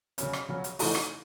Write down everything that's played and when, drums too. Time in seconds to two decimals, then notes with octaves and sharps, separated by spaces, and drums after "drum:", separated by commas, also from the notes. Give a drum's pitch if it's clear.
0.18 C#3 F#3 C#4, drum: hi-hat
0.33 drum: rim click
0.49 C#3 F#3 C#4
0.64 drum: hi-hat
0.79 C#3 E3 A3 D#4 F#4, drum: open hi-hat
0.95 drum: rim click